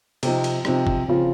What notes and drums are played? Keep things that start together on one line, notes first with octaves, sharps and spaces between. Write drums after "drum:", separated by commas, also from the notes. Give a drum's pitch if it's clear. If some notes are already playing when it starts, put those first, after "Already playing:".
C3 F3 C4 D#4, drum: cymbal
drum: cymbal
C3 F3 C4 D#4, drum: rim click
drum: kick
C#3 F3 C4 F4